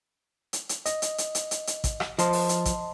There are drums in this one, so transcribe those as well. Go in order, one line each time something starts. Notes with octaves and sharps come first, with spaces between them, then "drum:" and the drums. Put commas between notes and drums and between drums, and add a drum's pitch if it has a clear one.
drum: hi-hat
drum: hi-hat
D#5, drum: hi-hat
drum: hi-hat
drum: hi-hat
drum: hi-hat
drum: hi-hat
drum: hi-hat
drum: kick A1, hi-hat
drum: rim click
F3 D#5 A5 C6, drum: hi-hat
drum: open hi-hat
drum: hi-hat
drum: kick A1, hi-hat